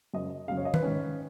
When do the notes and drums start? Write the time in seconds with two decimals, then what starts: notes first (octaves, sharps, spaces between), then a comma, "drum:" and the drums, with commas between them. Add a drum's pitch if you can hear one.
0.14 F#2 C#3 D#5
0.48 F#2 C#3 F5
0.57 C#5
0.65 D#5
0.74 B4, drum: tom D#3
0.83 G#2 D#3 C#4